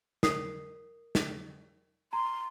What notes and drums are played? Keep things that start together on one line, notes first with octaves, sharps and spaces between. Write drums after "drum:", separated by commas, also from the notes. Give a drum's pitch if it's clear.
A#4 D#6 C7, drum: snare
drum: snare
A#5 C6